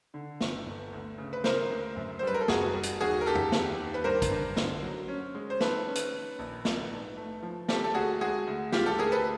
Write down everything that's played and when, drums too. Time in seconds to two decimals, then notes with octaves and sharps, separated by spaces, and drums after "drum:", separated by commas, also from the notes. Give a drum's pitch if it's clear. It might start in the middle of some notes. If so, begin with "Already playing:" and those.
0.14 D3
0.41 G1, drum: snare
0.66 G1
0.93 D2
1.18 C#3
1.33 B4
1.44 C#3 A#4 C5, drum: snare
1.71 D2
1.96 F#2
2.19 C5
2.23 G3 B4
2.34 A#4
2.41 A4
2.48 F#1 F#4 G#4, drum: snare
2.74 G3
2.83 drum: hi-hat
3.00 D#2 F#4 G#4
3.21 A#4
3.26 D#3 G4 A4
3.35 drum: tom
3.52 D#2, drum: snare
3.79 D#3
3.94 B4
4.04 G2 A#4 C5
4.22 drum: kick, hi-hat
4.31 G2
4.57 D3, drum: snare
4.83 F#3
5.08 C#4
5.35 G#3
5.50 C5
5.60 D#3 A4 B4, drum: snare
5.86 C#4
5.95 drum: hi-hat
6.13 D#3
6.39 A#1
6.65 A#1, drum: snare
6.91 G#2
7.17 A3
7.43 F3
7.68 A3 G4 A4, drum: snare
7.84 A4
7.95 D2 F#4 G#4
8.21 G#3 F#4 G#4
8.47 D2
8.72 G#3 F4 G4, drum: snare
8.86 G4 A4
8.99 D2 G#4 A#4
9.12 A4 B4